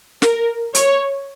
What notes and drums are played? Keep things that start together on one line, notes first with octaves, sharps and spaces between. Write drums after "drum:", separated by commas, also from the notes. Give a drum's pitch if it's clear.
A#4, drum: snare
C#5, drum: hi-hat